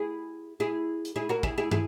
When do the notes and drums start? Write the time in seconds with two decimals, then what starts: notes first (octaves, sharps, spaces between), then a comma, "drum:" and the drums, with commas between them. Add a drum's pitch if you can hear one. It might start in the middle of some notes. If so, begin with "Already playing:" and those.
Already playing: E4 G#4
0.60 E4 G#4
1.05 drum: hi-hat
1.16 E4 G#4
1.29 F#4 A#4
1.43 E4 G#4, drum: kick
1.58 E4 G#4
1.71 E4 G#4, drum: tom